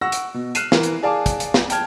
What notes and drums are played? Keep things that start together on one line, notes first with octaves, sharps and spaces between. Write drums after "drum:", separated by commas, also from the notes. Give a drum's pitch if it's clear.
F#5 C#6 E6 A#6
drum: hi-hat
B2
F6 F#6 C7 D#7 E7, drum: hi-hat
E3 A#4, drum: snare
drum: hi-hat
G#4 D5 F5 A5 D6
drum: kick, hi-hat
drum: hi-hat
drum: snare
G5 A5 F6 G#6, drum: hi-hat